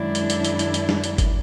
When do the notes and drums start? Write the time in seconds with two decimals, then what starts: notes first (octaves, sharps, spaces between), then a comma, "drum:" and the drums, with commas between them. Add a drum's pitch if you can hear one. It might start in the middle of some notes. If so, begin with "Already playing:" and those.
Already playing: F#2 D#3 G#3 D4 E4
0.15 drum: hi-hat
0.30 drum: hi-hat
0.45 drum: hi-hat
0.59 drum: hi-hat
0.74 drum: hi-hat
0.89 drum: snare
1.04 drum: hi-hat
1.18 drum: kick G1, hi-hat